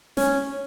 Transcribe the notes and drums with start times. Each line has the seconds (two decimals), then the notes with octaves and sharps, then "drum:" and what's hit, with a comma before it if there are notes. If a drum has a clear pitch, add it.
0.17 C#4, drum: snare